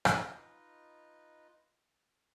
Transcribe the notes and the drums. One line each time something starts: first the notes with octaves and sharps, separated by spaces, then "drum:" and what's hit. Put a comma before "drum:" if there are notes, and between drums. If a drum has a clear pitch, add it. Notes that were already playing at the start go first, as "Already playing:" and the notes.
D#4 F4 B4 D#5, drum: rim click